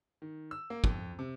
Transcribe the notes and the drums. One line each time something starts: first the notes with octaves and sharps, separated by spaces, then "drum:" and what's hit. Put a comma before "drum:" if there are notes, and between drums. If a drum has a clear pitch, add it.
D#3
E6
A#3
F2, drum: kick
C3